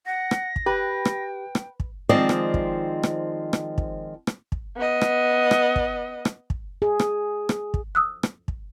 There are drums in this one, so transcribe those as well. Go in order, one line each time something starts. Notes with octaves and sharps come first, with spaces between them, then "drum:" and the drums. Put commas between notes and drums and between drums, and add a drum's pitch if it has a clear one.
F#5 A#6
drum: rim click
drum: kick
G4 B4 G5
drum: rim click
drum: rim click
drum: kick
D#3 F3 G#3 C4 D5 D#5
drum: rim click
drum: kick
drum: rim click
drum: rim click
drum: kick
drum: rim click
drum: kick
B3 D#5
drum: rim click
drum: rim click
drum: kick
drum: rim click
drum: kick
G#4
drum: rim click
drum: rim click
drum: kick
D#6 E6 F#6
drum: rim click
drum: kick